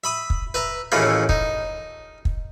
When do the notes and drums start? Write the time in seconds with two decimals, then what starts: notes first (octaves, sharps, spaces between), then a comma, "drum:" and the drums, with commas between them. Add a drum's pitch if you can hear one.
0.04 E5 B5 D#6
0.30 drum: kick
0.54 B4 E5 A#5
0.92 D#2 A2 C#3 E3 F4 B5
1.29 D#4, drum: kick
2.25 drum: kick